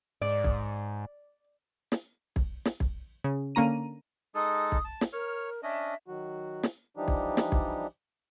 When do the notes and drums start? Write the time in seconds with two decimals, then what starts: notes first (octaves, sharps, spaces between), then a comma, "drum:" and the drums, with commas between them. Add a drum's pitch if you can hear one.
0.22 G#2 D5
0.44 drum: kick
1.92 drum: snare
2.36 drum: kick
2.65 drum: snare
2.80 drum: kick
3.24 C#3
3.55 D3 A#3 C#4 A#5 D#7
4.35 G#3 D#4 A4 D#6
4.72 drum: kick
4.85 A5
5.01 drum: snare
5.13 A#4 C#5 F6
5.63 C#4 D4 D#5 E5
6.08 D#3 F#3 F#4
6.63 drum: snare
6.97 E3 F3 G3 D4 D#4 G4
7.08 drum: kick
7.37 drum: snare
7.52 drum: kick